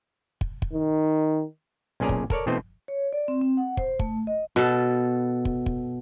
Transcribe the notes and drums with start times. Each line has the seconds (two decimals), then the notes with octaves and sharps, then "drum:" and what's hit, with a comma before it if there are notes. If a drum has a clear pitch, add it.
0.41 drum: kick
0.62 drum: kick
0.73 D#3
2.00 B1 A#2 C#4 G#4 D5 A#5
2.09 drum: kick
2.30 A4 A#4 C#5 D5, drum: kick
2.47 B2 E3 A3 C4 C5 D#5
2.88 C#5
3.13 D5
3.28 C4
3.41 C4
3.57 F#5
3.77 C5, drum: kick
3.99 A3, drum: kick
4.27 D#5
4.56 B2 A4
5.45 drum: kick
5.66 drum: kick